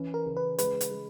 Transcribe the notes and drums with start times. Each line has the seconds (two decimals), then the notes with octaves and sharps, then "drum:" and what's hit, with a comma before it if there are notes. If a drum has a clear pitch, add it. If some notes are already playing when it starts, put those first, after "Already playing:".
Already playing: E3 C#4
0.14 A#4
0.26 C#3
0.37 B4
0.58 G#3 B4, drum: hi-hat
0.81 drum: hi-hat
0.91 G#3